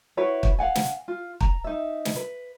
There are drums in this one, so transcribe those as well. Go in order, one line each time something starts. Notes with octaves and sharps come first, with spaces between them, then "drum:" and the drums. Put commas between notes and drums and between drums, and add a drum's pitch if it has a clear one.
E4 F#4 B4 C#5
drum: kick
F5 F#5 G#5
drum: snare
F4
A#5, drum: kick
D#4 E5
drum: snare
B4